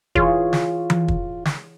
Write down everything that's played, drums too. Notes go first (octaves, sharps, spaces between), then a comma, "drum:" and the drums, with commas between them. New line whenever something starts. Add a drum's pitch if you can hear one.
E3 F4 G#4 C#5, drum: kick
drum: snare
drum: tom E3
drum: kick
drum: snare